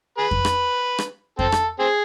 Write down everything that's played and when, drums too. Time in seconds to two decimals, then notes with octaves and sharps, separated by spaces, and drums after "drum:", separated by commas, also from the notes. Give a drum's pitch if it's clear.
0.18 G#4 B4
0.31 drum: kick F2
0.45 drum: rim click
0.98 drum: rim click
1.39 C4 A4, drum: kick F2
1.52 drum: rim click
1.79 C4 G#4